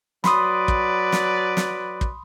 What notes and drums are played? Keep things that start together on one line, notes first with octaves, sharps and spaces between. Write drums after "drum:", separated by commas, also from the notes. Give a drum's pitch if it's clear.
F#3 B4 D5 B5 C6 D#6, drum: snare
drum: kick
drum: snare
drum: snare
drum: kick